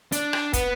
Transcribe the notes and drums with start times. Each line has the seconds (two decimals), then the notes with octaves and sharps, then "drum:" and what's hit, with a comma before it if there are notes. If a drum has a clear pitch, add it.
0.12 D4, drum: hi-hat
0.33 drum: rim click
0.53 B3, drum: kick, hi-hat